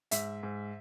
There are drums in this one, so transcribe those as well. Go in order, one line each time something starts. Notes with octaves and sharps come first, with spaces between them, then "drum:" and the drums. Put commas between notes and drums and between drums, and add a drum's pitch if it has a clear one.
G#2 E5, drum: hi-hat
G#2